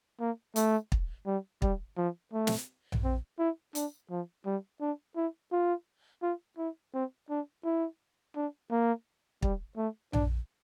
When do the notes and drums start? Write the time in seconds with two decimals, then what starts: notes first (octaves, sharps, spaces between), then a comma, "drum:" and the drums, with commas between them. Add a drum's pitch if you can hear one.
0.20 A#3
0.56 A3, drum: hi-hat
0.92 drum: kick
1.26 G3
1.62 G3, drum: kick
1.97 F3
2.33 A3
2.47 drum: snare
2.92 drum: tom A#1
3.04 C4
3.39 E4
3.75 D4, drum: hi-hat
4.10 F3
4.46 G3
4.81 D4
5.16 E4
5.52 F4
6.22 F4
6.58 E4
6.94 C4
7.30 D4
7.65 E4
8.36 D4
8.71 A#3
9.42 G3, drum: kick
9.77 A3
10.13 D4, drum: tom A#1